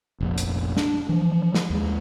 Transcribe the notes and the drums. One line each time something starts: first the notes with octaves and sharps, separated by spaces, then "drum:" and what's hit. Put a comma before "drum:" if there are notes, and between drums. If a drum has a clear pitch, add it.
F1 A#1
drum: hi-hat
D4, drum: snare
E3 F3
drum: snare
D#2 G#3